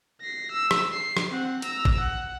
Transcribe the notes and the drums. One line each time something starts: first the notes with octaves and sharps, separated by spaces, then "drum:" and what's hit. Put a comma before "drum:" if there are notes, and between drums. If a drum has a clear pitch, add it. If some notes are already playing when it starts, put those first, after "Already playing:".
A#6 C7
E6
drum: rim click
C7
drum: rim click
C4 F#5
A#5 E6, drum: hi-hat
drum: kick
F#5